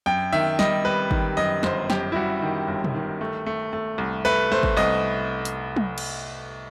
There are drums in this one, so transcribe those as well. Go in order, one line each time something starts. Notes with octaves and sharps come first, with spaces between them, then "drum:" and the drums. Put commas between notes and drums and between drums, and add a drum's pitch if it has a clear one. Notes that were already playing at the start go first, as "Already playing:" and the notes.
F#2 G5
D#3 E5
G3 D#5, drum: snare
G3 B4
D#3, drum: kick
F#2 D#5
G1 C5, drum: snare
F#2 G4, drum: snare
E4
G3 F#4
D#3
G1
drum: tom
D#3
A3
A3
A3
C2
A3 B4
A3 C5
drum: kick
C2 D#5
drum: hi-hat
drum: tom
drum: cymbal